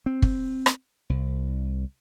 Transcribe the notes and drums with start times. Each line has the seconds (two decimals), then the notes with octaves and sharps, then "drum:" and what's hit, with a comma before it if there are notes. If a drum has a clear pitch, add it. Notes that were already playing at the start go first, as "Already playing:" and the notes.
0.06 C4
0.22 drum: kick
0.66 drum: rim click
1.10 C2